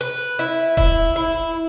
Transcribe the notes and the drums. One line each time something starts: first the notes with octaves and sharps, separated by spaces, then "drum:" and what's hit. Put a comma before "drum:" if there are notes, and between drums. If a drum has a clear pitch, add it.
B4
E4
E4, drum: kick D#1
E4